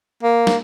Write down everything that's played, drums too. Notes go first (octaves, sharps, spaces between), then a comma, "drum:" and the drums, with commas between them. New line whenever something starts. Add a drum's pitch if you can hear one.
A#3
drum: snare